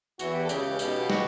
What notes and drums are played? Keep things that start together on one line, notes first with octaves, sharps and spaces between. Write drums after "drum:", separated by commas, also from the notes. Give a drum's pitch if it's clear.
E2 E3 F#4, drum: tambourine
G4
A4
C#2 C#3 G4, drum: tambourine
B1 B2, drum: tambourine
F#4, drum: snare